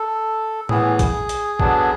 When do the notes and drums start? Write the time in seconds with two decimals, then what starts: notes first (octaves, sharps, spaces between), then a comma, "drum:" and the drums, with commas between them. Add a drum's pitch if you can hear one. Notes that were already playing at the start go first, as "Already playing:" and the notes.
Already playing: A4
0.69 A2 E3 B3 G#4, drum: tom A2
0.99 drum: kick A#1, hi-hat
1.29 drum: hi-hat
1.60 D3 F#3 B3 D4, drum: kick A#1